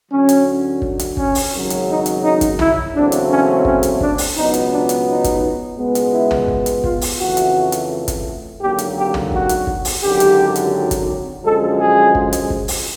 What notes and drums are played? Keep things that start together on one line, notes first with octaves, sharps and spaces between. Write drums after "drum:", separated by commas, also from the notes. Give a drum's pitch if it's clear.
D2 D3 F#3 C#4
drum: hi-hat
drum: kick
drum: hi-hat
C#4, drum: kick
drum: open hi-hat
G#1 F#2 C#3 F#3
drum: hi-hat
D#4
drum: hi-hat
D#4
drum: kick, hi-hat
E4, drum: tom
E2 C#3 F#3 A3 C4 D4
drum: hi-hat
C#4
C#4, drum: kick
drum: hi-hat
D4, drum: kick
drum: open hi-hat
C#2 B2 F#3 B3 D#4
drum: hi-hat
D4
drum: hi-hat
D#4
drum: kick, hi-hat
C#2 B2 G#3 B3
drum: hi-hat
E4
drum: tom
drum: kick
drum: hi-hat
F4, drum: kick
drum: open hi-hat
F2 C#3 E3 A3 F#4
drum: hi-hat
drum: hi-hat
drum: kick, hi-hat
G#1 F#2 D3 F#3 A#3 G4
drum: hi-hat
G4
drum: tom
F#4, drum: kick
drum: hi-hat
drum: kick
drum: open hi-hat
G#1 F#2 D3 F#3 G4
drum: hi-hat
drum: hi-hat
drum: kick, hi-hat
F#2 D3 F3 G#3 A4
G#4
drum: kick
drum: hi-hat
drum: kick
drum: open hi-hat